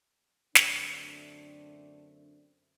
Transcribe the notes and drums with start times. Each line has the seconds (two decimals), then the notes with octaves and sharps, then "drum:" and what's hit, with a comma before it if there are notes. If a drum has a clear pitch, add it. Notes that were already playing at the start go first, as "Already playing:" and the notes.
0.55 F#2 D3 A3 C4 D4, drum: snare